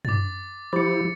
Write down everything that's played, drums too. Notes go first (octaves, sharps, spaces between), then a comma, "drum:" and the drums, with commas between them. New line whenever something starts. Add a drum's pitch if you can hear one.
D6 A6, drum: tom
F3 E4 G4 A6 C#7